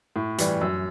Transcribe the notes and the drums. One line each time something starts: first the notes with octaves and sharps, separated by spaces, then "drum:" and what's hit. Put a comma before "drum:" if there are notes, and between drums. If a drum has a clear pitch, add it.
A2
E3 G3, drum: hi-hat
F#2